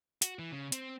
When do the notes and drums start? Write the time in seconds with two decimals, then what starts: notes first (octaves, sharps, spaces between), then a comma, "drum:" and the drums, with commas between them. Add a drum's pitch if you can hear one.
0.22 F#4, drum: hi-hat
0.39 E3
0.52 C#3
0.72 C4, drum: hi-hat